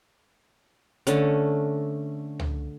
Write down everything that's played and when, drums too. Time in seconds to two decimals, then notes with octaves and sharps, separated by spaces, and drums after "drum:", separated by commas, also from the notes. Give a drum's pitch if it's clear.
1.07 D3 A3 C#4, drum: hi-hat
2.39 drum: tom C#2